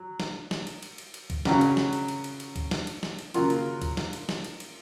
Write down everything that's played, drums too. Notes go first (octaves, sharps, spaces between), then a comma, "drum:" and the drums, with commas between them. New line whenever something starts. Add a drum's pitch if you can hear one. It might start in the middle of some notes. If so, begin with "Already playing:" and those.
Already playing: F#3
drum: snare
drum: snare
drum: cymbal
drum: cymbal
drum: cymbal
drum: cymbal
drum: kick C#2, cymbal
C#3 F#3 C#4 F#4, drum: snare
drum: cymbal
drum: snare
drum: cymbal
drum: cymbal
drum: cymbal
drum: cymbal
drum: kick C#2, cymbal
drum: snare
drum: cymbal
drum: snare
drum: cymbal
C#3 F#3 A#3 F4, drum: cymbal
drum: cymbal
drum: kick C#2, cymbal
drum: snare
drum: cymbal
drum: snare
drum: cymbal
drum: cymbal